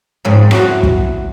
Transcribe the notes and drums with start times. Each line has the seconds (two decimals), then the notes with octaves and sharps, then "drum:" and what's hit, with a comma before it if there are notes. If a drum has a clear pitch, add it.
0.25 F2 G#2 C#3
0.51 E2 F#4, drum: rim click
0.83 drum: kick